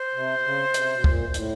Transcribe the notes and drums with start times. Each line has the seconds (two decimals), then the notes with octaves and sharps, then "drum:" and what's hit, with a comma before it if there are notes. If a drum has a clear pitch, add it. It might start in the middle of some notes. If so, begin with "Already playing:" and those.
Already playing: C5
0.14 C3
0.44 C#3
0.74 C3, drum: hi-hat
0.94 B2
1.04 A#2, drum: kick
1.34 A2, drum: hi-hat